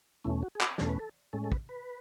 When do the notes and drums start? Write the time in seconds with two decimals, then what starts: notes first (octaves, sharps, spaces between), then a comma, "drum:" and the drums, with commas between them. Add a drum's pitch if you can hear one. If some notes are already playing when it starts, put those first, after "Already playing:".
0.24 E2 B2 A3 C#4 E4
0.43 F#4
0.55 G#4
0.61 F#4, drum: clap
0.78 E2 B2 A3 C#4 A4, drum: snare
0.89 B4
0.99 A4
1.33 A2 G#3 C#4 A4
1.44 A4
1.52 B4, drum: kick
1.69 B4